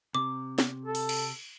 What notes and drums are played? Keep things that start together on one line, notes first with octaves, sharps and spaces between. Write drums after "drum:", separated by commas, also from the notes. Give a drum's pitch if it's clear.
C3 D6
drum: snare
A4
drum: open hi-hat
drum: cymbal